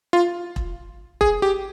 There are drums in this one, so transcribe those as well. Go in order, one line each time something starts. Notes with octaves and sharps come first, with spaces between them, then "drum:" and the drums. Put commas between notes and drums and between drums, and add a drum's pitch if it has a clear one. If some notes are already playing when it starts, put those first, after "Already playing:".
F4
drum: kick E1
G#4, drum: kick E1
G4